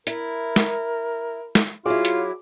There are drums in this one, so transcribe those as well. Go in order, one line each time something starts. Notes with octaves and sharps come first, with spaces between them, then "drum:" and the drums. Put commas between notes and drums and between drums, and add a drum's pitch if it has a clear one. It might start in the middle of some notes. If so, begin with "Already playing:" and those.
E4 A#4, drum: hi-hat
drum: snare
drum: snare
F#3 E4 F4 G#4 C#5 D6
drum: hi-hat